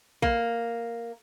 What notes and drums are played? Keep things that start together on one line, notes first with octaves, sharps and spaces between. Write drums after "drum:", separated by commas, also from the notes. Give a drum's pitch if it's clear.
A#3, drum: kick A#1